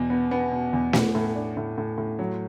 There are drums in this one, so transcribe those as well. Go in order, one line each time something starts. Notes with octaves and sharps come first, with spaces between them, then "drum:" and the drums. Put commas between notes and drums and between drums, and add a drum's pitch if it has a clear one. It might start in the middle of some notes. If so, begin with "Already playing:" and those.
Already playing: E2 B2
B3
B3
B2
E2
B3, drum: snare
A2
D4
A2
A2
A2
F#3